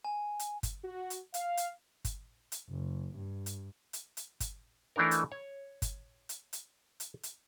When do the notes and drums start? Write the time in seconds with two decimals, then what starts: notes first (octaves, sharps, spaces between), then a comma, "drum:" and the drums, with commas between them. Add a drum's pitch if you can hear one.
0.05 G#5
0.39 drum: hi-hat
0.63 drum: kick G1, hi-hat
0.84 F#4
1.10 drum: hi-hat
1.34 F5, drum: hi-hat
1.57 drum: hi-hat
2.05 drum: kick G1, hi-hat
2.52 drum: hi-hat
2.70 F#1
3.17 G2
3.46 drum: hi-hat
3.93 drum: hi-hat
4.17 drum: hi-hat
4.40 drum: kick G1, hi-hat
4.96 E3 A3 D4 D#4 A#4
5.11 drum: hi-hat
5.32 C#5
5.82 drum: kick G1, hi-hat
6.29 drum: hi-hat
6.53 drum: hi-hat
7.00 drum: hi-hat
7.23 drum: hi-hat